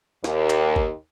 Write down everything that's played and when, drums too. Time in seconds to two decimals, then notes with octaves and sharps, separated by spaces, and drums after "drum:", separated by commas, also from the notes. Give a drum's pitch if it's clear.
0.24 D#2, drum: snare
0.50 drum: clap
0.76 drum: kick